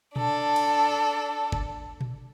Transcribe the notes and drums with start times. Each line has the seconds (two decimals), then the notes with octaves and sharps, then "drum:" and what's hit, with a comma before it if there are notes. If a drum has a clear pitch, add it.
0.16 D4 A4, drum: tom A#2
0.56 drum: cymbal
1.52 drum: kick
2.01 drum: tom A#2